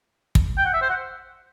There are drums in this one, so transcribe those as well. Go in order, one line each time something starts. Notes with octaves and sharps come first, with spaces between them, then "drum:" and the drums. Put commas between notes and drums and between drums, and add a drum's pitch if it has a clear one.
drum: kick
G5
F#5
E5
C5
F#5